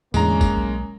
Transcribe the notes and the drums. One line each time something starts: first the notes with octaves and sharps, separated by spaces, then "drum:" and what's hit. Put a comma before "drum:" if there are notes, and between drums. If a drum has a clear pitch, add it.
E2 A2 D3 G#3 A#3 C#4 A#5, drum: tambourine
drum: kick F#1, tambourine
B1